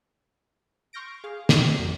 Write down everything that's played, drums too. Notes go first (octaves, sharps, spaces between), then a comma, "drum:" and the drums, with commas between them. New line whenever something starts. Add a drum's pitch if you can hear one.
C6 C#6 F6 G6 A#6 D7
G#4 F5
D5 G5, drum: snare
A1 F2 F#3